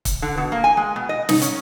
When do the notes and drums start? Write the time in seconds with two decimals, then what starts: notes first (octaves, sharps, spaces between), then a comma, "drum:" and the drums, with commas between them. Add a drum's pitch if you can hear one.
0.05 drum: kick, hi-hat
0.22 D3
0.37 B2
0.52 A#3
0.64 G#5
0.77 G#3
0.96 B2
1.09 D#5
1.29 D#4, drum: snare
1.42 C#4, drum: hi-hat